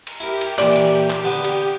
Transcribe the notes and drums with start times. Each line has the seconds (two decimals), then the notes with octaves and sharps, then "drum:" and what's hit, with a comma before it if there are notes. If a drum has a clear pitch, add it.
0.07 drum: cymbal
0.20 E4 G4 A#4
0.41 drum: cymbal
0.58 A#2 E3 D5, drum: clap
0.76 drum: cymbal
1.10 drum: clap
1.24 D3 B3
1.45 drum: cymbal